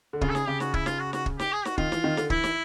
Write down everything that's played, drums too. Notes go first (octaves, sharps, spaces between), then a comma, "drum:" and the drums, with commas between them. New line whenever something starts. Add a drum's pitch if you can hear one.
D3
C#3 F4, drum: kick
A4
G#4, drum: snare
C#3 G4
F#4, drum: snare
E4, drum: kick
F4, drum: snare
F#4
F#4, drum: snare
drum: kick
G4, drum: snare
G#4
F#4, drum: snare
D#3 F4, drum: kick
E3, drum: snare
D#3
D3, drum: snare
E3 E4, drum: kick
drum: snare